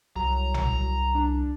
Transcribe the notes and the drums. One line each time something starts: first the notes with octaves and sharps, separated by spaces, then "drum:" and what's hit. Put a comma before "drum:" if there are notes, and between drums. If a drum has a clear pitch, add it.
C2 F#3 A#5
drum: tom A1
D4